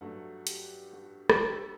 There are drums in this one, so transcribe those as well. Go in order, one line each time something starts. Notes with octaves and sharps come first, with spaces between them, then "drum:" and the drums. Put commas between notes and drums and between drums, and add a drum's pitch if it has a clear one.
G2 F#3 A3 F#5
G4, drum: hi-hat
F#4
drum: rim click
G4
A4
G4